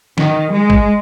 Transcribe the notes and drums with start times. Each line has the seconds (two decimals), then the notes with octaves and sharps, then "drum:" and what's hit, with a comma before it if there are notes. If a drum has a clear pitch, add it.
0.18 D#3, drum: snare
0.52 G#3
0.70 drum: kick